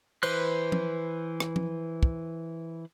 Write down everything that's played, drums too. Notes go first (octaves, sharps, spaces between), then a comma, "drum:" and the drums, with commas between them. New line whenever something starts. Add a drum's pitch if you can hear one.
E3 B4 C5 F#6, drum: cymbal
drum: tom F3
drum: rim click
drum: tom F3
drum: kick